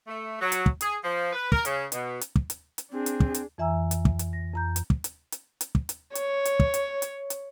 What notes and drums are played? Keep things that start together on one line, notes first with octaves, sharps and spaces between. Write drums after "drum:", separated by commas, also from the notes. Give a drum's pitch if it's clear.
A3
F#3
drum: hi-hat
drum: kick
G#4, drum: hi-hat
F3
B4
A#4, drum: kick
C#3, drum: hi-hat
B2, drum: hi-hat
drum: hi-hat
drum: kick
drum: hi-hat
drum: hi-hat
C4 D4 G#4
drum: hi-hat
drum: kick
drum: hi-hat
F2 E3 E5 G#5 A#5 E6
drum: hi-hat
drum: kick
drum: hi-hat
A#6
F2 A#5 G6
drum: hi-hat
drum: kick
drum: hi-hat
drum: hi-hat
drum: hi-hat
drum: kick
drum: hi-hat
C#5, drum: hi-hat
drum: hi-hat
drum: kick
drum: hi-hat
drum: hi-hat
drum: hi-hat